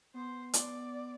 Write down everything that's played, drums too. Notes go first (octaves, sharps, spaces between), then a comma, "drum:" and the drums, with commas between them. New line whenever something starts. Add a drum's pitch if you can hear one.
B3 C5
D5, drum: hi-hat